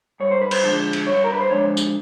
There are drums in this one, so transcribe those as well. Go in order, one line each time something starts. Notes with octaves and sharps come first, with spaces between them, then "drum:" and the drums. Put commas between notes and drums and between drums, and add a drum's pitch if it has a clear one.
G2 C#5
C5
B4
C5, drum: cymbal
D3 F3 G#3
drum: cymbal
G2 C#5
A#4
B4
C5
D3 F3 G#3 C#5
drum: tambourine